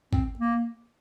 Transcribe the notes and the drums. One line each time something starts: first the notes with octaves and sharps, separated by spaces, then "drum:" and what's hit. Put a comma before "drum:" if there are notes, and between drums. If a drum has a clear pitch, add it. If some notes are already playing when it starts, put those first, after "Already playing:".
C4, drum: kick G#1
A#3